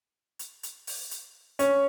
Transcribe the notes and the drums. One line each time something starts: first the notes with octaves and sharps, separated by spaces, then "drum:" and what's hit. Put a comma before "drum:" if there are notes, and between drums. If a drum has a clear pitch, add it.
drum: hi-hat
drum: hi-hat
drum: open hi-hat
drum: hi-hat
C#4, drum: hi-hat